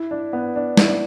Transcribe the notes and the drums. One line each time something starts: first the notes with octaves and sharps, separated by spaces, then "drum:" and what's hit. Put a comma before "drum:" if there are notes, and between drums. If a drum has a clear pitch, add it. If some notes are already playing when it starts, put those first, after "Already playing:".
Already playing: E4
D4
B3
D4
E4, drum: snare
D4